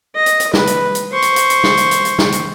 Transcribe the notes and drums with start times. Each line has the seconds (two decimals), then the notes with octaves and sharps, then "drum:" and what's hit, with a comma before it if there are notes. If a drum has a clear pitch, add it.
0.15 D#5
0.26 drum: hi-hat
0.40 drum: hi-hat
0.54 B4, drum: snare
0.67 drum: hi-hat
0.95 drum: hi-hat
1.12 C5 C#6
1.22 drum: hi-hat
1.36 drum: hi-hat
1.50 drum: hi-hat
1.64 drum: snare
1.77 drum: hi-hat
1.91 drum: hi-hat
2.05 drum: hi-hat
2.19 drum: snare
2.32 drum: hi-hat